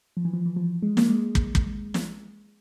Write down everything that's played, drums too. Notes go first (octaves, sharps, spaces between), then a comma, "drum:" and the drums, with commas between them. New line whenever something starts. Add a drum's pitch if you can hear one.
F3
E3
F3
E3
F3
G#3
A#3, drum: snare
G#3
drum: kick
drum: kick
drum: snare